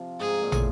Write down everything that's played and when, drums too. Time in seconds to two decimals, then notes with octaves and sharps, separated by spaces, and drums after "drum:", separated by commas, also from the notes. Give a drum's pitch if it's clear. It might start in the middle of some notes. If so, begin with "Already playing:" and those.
Already playing: C3 F3
0.19 G#2 G#4
0.42 A#2
0.52 A2, drum: tom